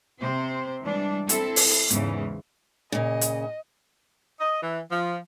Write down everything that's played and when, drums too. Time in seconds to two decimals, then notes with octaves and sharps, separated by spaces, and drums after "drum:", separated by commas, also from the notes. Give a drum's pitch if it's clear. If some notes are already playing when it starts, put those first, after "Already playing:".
0.21 C3 C4 C5
0.83 E3 G3 G#3 D4
1.29 C4 E4 A4, drum: hi-hat
1.56 drum: open hi-hat
1.90 E2 G#2 C#3 E3, drum: hi-hat
2.92 A#2 C#3 D#5
3.21 drum: hi-hat
4.39 D#5
4.62 E3
4.91 F3